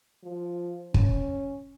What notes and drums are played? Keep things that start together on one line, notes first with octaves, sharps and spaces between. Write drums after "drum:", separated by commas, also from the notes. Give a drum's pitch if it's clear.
F3
C#4, drum: kick